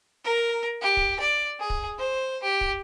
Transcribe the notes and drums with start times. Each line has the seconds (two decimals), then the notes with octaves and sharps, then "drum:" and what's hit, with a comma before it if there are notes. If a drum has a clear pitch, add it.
0.24 A#4
0.81 G4
0.97 drum: kick
1.20 D5
1.60 G#4
1.70 drum: kick
1.98 C5
2.43 G4
2.61 drum: kick